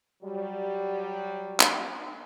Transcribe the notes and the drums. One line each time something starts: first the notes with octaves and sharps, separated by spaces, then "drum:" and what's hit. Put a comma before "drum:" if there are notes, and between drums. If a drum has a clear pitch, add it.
F#3 G3
drum: clap